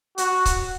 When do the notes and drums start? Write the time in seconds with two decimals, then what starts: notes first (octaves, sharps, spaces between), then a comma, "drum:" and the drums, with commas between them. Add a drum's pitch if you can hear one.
0.18 F#4, drum: hi-hat
0.46 drum: kick C#1, hi-hat